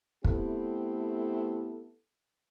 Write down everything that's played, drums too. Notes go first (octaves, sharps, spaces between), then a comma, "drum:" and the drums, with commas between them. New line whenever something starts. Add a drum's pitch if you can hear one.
A3 B3 C4 E4 G4 A4, drum: kick